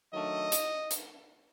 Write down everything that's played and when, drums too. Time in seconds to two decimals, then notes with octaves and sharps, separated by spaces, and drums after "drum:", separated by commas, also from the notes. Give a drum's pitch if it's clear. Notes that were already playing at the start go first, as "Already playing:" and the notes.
0.13 D#3 F#3 A3 D4 D#5
0.52 drum: hi-hat
0.91 drum: hi-hat